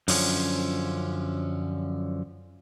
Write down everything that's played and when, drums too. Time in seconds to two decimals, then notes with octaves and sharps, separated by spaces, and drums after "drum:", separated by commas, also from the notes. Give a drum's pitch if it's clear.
0.08 F#2 D3 F3 C#4, drum: open hi-hat